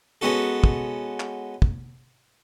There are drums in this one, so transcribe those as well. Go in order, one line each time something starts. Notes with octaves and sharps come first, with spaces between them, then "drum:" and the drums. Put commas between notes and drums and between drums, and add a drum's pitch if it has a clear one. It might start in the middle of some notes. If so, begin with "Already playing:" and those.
G#3 B3 C#4 F#4 A4
drum: kick
drum: clap
drum: kick